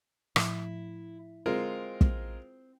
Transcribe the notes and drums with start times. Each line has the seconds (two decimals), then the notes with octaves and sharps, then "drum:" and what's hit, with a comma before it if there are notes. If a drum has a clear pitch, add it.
0.36 A2 F3 E4, drum: rim click
1.46 G#3 C4 F4 A#4
2.01 drum: kick